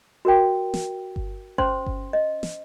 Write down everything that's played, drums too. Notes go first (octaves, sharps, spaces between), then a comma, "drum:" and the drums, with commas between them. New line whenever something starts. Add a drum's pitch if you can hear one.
F#4 A#4 G5
drum: snare
drum: kick G1
C#4 C5 C6, drum: kick G1
drum: kick G1
D#5
drum: snare